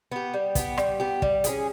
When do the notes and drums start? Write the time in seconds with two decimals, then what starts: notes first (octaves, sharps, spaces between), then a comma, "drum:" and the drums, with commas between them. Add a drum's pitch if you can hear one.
0.12 B3 G4
0.34 G3
0.55 B3 G4, drum: kick, hi-hat
0.77 G3, drum: rim click
1.00 B3 G4
1.22 G3, drum: kick
1.44 C#4 E4 G#4, drum: hi-hat